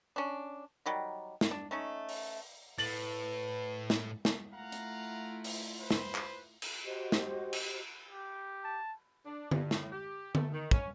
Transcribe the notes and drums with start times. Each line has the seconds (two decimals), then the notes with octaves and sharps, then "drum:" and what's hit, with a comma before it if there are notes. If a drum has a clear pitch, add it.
0.16 C#4 D4
0.86 D#3 F#3 G3
1.41 drum: snare
1.51 D4
1.71 A3 C#4 D#4
2.09 drum: open hi-hat
2.78 A2 B4 A6 F#7, drum: open hi-hat
3.90 drum: snare
4.25 drum: snare
4.52 A3 E4 F4 F5 F#5 A#5
4.72 drum: hi-hat
5.44 drum: open hi-hat
5.79 B4 C5
5.91 drum: snare
6.15 drum: clap
6.62 drum: cymbal
6.83 F#4 G4 C5 D#5
7.12 drum: snare
7.53 drum: cymbal
8.09 G4
8.64 A5
9.26 D4
9.51 G2, drum: tom D3
9.71 A2, drum: snare
9.92 G4
10.35 A3, drum: tom D3
10.52 D#3
10.71 C#4, drum: kick